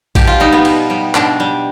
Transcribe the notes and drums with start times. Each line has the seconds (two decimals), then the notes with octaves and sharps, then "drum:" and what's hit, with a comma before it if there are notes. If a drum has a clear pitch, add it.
0.15 B2 G4, drum: kick A1, cymbal
0.27 F4
0.40 G3 D#4
0.52 B3
0.65 B2, drum: cymbal
0.90 G3
1.15 B2 D4, drum: clap
1.40 G3